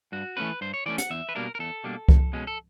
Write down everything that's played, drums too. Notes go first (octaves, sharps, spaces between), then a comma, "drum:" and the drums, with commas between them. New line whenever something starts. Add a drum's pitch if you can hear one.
G2 F#4
E3 A3 C#4 B4
G2 C5
C#5
E3 A3 C#4 D5
F#5, drum: hi-hat
E2 E5
B4
B2 G3 A#3 D4 A#4
A#4
E2 A4
B2 G3 A#3 D4
E2, drum: kick C2
B2 G#3 C#4
A4